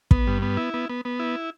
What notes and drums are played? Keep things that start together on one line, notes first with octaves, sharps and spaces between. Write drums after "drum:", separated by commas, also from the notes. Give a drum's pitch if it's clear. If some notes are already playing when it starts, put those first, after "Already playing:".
B3, drum: kick
G2
B3
E4
B3
B3
B3
E4